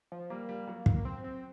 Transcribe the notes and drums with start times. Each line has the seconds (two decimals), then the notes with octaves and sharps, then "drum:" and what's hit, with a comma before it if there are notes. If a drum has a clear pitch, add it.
0.12 F3
0.30 G3 A#3
0.49 G3
0.67 F#3
0.86 F#3, drum: kick
1.05 C4
1.24 C4